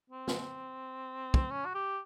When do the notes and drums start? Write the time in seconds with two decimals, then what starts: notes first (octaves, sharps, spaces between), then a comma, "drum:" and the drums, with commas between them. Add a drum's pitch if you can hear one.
0.10 C4
0.28 drum: snare
1.34 drum: kick
1.51 C#4
1.66 F#4
1.75 G4